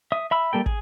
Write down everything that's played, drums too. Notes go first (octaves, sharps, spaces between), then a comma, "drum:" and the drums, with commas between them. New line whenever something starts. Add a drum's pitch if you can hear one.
E5 D#6
E5 B5 E6
G3 A#3 A4 G5
G#4, drum: kick